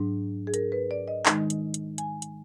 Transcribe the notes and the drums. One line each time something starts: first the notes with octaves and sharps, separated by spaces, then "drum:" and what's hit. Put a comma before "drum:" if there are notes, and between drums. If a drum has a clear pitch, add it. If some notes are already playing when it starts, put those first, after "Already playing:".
Already playing: G#2 F#3 D4
G#4
A#4, drum: hi-hat
B4
D5
D#5
D#3 G#3 D#4, drum: clap
drum: hi-hat
drum: hi-hat
G#5, drum: hi-hat
drum: hi-hat